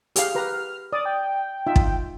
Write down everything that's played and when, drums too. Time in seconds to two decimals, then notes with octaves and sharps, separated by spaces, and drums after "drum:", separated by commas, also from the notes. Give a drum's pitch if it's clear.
0.16 G4 G#4 F5 F6, drum: hi-hat
0.35 G4 B4 A#5
0.93 D5 D#6
1.05 G5
1.67 D#4 F4 E5
1.76 drum: kick